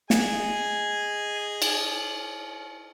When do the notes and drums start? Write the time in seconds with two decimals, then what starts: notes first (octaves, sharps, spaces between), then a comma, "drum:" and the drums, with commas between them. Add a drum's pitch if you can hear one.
0.10 G#4 D#5 G#5, drum: snare
1.62 drum: cymbal